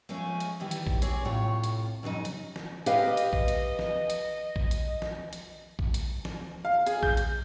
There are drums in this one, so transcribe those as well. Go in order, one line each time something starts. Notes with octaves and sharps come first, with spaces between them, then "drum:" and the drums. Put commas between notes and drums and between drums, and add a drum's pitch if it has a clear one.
F3 G#3 A3 C#4 G#4
drum: hi-hat
D#3 E3 G3 E4
drum: hi-hat
drum: kick A#1
C4 G#4 C#5 D5, drum: hi-hat
A2 C3 F4 C#5
drum: hi-hat
F2 C#3 F#3 D#4
drum: hi-hat
drum: snare
G4 B4 D#5 F5, drum: hi-hat
drum: hi-hat
drum: kick A#1
drum: hi-hat
drum: snare
drum: hi-hat
drum: kick A#1
drum: hi-hat
drum: snare
drum: hi-hat
drum: kick A#1
drum: hi-hat
drum: snare
F5
G#4, drum: hi-hat
G6, drum: kick A#1
drum: hi-hat